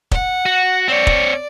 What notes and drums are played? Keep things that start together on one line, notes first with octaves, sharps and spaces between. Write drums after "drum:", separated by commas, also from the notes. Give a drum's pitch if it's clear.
F#5, drum: kick
F#4
C4 C#5 D5
drum: kick